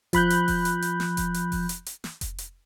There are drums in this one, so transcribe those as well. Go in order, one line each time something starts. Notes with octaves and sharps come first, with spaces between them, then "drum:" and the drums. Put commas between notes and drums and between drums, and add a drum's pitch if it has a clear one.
F3 B5 F#6 G6, drum: kick F1, hi-hat
drum: hi-hat
drum: kick F1, open hi-hat
drum: hi-hat
drum: hi-hat
drum: snare
drum: kick F1, hi-hat
drum: hi-hat
drum: kick F1, open hi-hat
drum: hi-hat
drum: hi-hat
drum: snare
drum: kick F1, hi-hat
drum: hi-hat